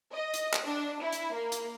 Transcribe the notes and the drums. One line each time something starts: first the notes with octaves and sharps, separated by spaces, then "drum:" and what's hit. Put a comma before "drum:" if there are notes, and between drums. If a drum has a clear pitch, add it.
D#5
drum: hi-hat
drum: clap
D4
E4
drum: hi-hat
A#3
drum: hi-hat